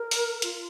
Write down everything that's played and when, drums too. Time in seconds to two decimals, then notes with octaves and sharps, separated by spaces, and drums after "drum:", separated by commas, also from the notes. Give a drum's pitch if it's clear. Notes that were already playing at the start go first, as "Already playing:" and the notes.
Already playing: A#4
0.11 drum: open hi-hat
0.42 F4, drum: hi-hat